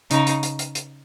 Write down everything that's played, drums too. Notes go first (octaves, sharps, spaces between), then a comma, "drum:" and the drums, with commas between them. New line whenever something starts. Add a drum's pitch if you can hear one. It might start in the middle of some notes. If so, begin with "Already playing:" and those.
C#3 D#4, drum: hi-hat
drum: hi-hat
drum: hi-hat
drum: hi-hat
drum: hi-hat